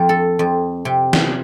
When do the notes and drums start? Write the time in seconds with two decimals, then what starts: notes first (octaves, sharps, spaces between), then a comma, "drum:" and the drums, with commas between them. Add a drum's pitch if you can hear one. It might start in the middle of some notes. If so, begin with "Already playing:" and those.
Already playing: F2 F3
0.09 A4
0.39 F2
0.85 C3
1.13 drum: snare